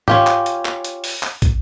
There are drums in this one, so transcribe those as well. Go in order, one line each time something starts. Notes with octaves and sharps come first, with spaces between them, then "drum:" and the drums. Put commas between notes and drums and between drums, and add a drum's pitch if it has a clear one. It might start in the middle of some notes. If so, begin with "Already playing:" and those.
C#4 F4 G4, drum: tom G#2
drum: clap
drum: hi-hat
drum: clap
drum: hi-hat
drum: open hi-hat
drum: clap
drum: kick, hi-hat